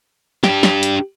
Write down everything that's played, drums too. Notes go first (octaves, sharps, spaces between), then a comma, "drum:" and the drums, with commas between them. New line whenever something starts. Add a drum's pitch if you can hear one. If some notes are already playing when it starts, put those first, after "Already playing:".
D4 G4, drum: snare
drum: snare
drum: hi-hat